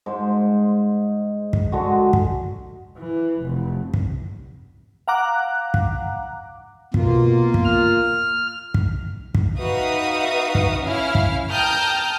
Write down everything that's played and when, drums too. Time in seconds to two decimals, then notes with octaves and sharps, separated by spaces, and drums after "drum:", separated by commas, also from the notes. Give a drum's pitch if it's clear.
0.06 G#2 C5
1.53 drum: kick
1.72 D3 G#3 F#4
2.13 drum: kick
2.98 E3
3.41 F1
3.94 drum: kick
5.08 F5 F#5 A#5 D6 F#6
5.74 drum: kick
6.94 B2 A#3 F4, drum: kick
7.54 drum: kick
7.65 F6
8.74 drum: kick
9.35 drum: kick
9.58 D#4 F#4 B4 E5 F5 D#6
10.55 drum: kick
10.85 C#4 E4 F5 F6
11.15 drum: kick
11.51 G5 A5 A#5 D#6 F6 G6